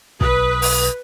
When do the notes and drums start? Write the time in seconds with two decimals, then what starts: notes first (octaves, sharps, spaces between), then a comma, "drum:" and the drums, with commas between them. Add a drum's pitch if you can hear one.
0.21 B1 B4 D#6, drum: kick
0.62 drum: open hi-hat